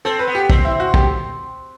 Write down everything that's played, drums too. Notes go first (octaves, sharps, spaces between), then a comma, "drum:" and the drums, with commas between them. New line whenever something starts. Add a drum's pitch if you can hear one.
C4 A4
B4
B3
G4
C4, drum: kick
E4
F#4
G4, drum: kick